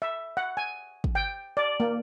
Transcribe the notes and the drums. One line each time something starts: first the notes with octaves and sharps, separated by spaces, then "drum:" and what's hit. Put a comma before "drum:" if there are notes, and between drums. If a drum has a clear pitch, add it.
E5
F#5
G#5
drum: kick
G5
D5
A#3